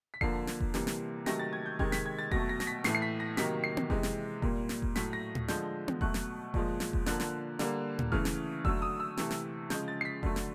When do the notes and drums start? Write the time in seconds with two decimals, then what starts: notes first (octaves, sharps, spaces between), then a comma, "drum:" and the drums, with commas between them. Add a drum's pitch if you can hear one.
0.14 B6
0.21 D3 F3 A#3 C7, drum: kick F1
0.47 drum: snare
0.60 drum: kick F1
0.74 C3 E3 G3 A#3, drum: snare
0.87 drum: snare
1.26 C3 D#3 F#3 A3 A#6, drum: snare
1.39 A6
1.53 G#6
1.66 G6
1.79 C3 D#3 G#3 G#6, drum: kick F1
1.92 B6, drum: snare
2.06 G#6
2.19 A6
2.31 B2 F#3 A3 A#6, drum: kick F1
2.49 A#6
2.60 A#6, drum: snare
2.67 B6
2.84 A2 E3 A3 C7, drum: snare
2.95 C7
3.02 B6
3.20 A#6
3.37 C3 D#3 F#3 A#3 B6, drum: snare
3.64 C7
3.77 drum: tom B3
3.90 C3 E3 G#3, drum: kick F1
4.03 drum: snare
4.42 A#2 G3 A#3, drum: kick F1
4.69 drum: snare
4.82 drum: kick F1
4.96 A2 F#3 A3 B6, drum: snare
5.13 A#6
5.35 drum: tom A2
5.48 D3 F3 G#3 G6, drum: snare
5.88 drum: tom B3
6.01 B2 F#3 A3 F#6, drum: kick F1
6.14 drum: snare
6.54 A#2 F3 G#3, drum: kick F1
6.80 drum: snare
6.93 drum: kick F1
7.06 D3 F3 A#3 F#6, drum: snare
7.20 drum: snare
7.59 D3 G3 A#3, drum: snare
7.99 drum: tom A2
8.12 C#3 E3 A3 F6, drum: kick F1
8.25 drum: snare
8.65 D3 F#3 A3 E6, drum: kick F1
8.82 D#6
9.00 E6
9.17 C3 E3 A3, drum: snare
9.31 drum: snare
9.70 C#3 F3 G#3 G6, drum: snare
9.88 A6
10.01 C7
10.05 B6
10.23 D3 F#3 A3, drum: kick F1
10.36 drum: snare